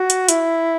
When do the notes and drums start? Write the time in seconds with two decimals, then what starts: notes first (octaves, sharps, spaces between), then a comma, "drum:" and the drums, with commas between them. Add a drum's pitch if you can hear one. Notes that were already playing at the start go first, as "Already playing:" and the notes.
Already playing: F#4
0.10 drum: hi-hat
0.29 E4, drum: hi-hat